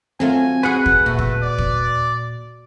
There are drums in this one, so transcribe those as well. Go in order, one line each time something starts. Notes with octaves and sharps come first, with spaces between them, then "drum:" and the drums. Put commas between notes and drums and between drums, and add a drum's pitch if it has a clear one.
F#3 A3 C4 F4 G#5
F#4 G#4 B4 F#5
drum: kick
A#2 A3 F#4
drum: kick
D5
drum: kick